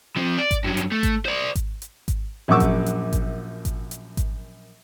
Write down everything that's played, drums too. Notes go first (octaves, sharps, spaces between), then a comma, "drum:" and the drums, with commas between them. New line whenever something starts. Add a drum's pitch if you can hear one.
F3 C4
D5
drum: kick G#1, hi-hat
G2 F#3
drum: hi-hat
A3
drum: kick G#1, hi-hat
C5 D5
drum: kick G#1, hi-hat
drum: hi-hat
drum: kick G#1, hi-hat
A#1 F#2 F#5 C#6 D6 E6
drum: kick G#1, hi-hat
drum: hi-hat
drum: kick G#1, hi-hat
drum: kick G#1, hi-hat
drum: hi-hat
drum: kick G#1, hi-hat